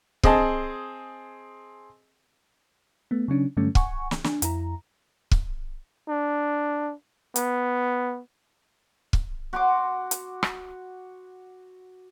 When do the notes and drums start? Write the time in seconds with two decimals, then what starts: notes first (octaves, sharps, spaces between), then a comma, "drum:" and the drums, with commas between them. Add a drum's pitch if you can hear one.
0.23 C4 G#4 D#5 G#5 A5, drum: kick
3.11 A3 B3
3.28 C#3 F#3 C#4 D4
3.57 G2 D3 F#3 G3 A3 C#4
3.75 F#5 G#5 C#6, drum: kick
4.11 drum: snare
4.24 D4 G#5, drum: snare
4.42 F2 E4 A#5, drum: hi-hat
5.31 drum: kick
6.08 D4
7.36 B3, drum: hi-hat
9.13 drum: kick
9.53 F#4 C6 D6
10.11 drum: hi-hat
10.43 drum: rim click